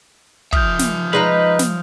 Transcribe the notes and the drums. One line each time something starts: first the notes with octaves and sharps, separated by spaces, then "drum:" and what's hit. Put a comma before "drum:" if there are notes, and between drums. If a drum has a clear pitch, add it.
F3 E5 D#6 F6 G6, drum: kick
drum: snare
G#3 D#4 B4 A#5
drum: snare